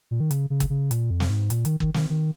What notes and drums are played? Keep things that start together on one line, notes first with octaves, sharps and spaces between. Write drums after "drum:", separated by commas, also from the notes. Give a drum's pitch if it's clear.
A#2
D#3
C#3, drum: hi-hat
C#3
drum: kick G1, hi-hat
C#3
A#2, drum: hi-hat
F2
drum: snare
G#2
A#2, drum: hi-hat
D#3, drum: hi-hat
D#3, drum: kick G1
D#3, drum: snare
D#3